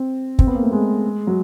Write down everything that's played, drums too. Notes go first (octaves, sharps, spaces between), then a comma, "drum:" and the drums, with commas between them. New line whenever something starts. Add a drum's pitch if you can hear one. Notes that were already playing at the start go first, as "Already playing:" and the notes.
Already playing: C4
C4, drum: kick
B3
A#3
A3
G#3
F#3